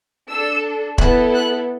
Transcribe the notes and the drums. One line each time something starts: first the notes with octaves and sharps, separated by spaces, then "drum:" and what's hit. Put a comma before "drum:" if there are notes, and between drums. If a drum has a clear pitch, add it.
D4 A4 E6
B3 E4 A4 F#6, drum: kick
F#6